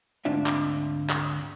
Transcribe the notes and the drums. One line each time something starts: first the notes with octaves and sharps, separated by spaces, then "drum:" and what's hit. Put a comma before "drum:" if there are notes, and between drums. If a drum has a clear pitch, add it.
D2 G#2 C4 D4 F4 E5
drum: clap
drum: clap